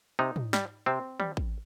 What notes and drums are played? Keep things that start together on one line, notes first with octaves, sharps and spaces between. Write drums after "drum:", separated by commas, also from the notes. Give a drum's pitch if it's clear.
C3 D#4
drum: tom
G3, drum: snare
C3 C4
G3, drum: tom
drum: kick